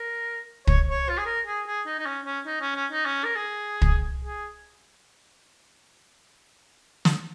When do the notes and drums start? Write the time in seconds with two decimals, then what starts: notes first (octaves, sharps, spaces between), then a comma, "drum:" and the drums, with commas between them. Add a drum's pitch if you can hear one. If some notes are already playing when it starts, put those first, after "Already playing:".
Already playing: A#4
0.67 C#5, drum: kick
0.90 C#5
1.09 F4
1.18 G#4
1.26 A#4
1.47 G#4
1.67 G#4
1.87 D#4
1.99 D#4
2.06 C#4
2.26 C#4
2.46 D#4
2.61 C#4
2.75 C#4
2.92 D#4
3.06 C#4
3.24 A#4
3.36 G#4
3.82 drum: kick
4.25 G#4
7.05 drum: snare